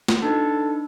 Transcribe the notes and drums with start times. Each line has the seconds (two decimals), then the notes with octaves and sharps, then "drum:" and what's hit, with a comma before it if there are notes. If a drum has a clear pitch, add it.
0.08 drum: snare A#3
0.22 D4 D#4 A4 B4